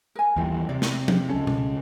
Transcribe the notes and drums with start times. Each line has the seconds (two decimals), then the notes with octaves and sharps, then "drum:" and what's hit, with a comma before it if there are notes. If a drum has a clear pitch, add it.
0.15 A#4 G#5
0.36 D#2 E3 G3 F4 G4
0.69 C3 D5
0.82 drum: snare
1.08 drum: tom F3
1.29 C#2 C#4 A4
1.47 drum: tom B2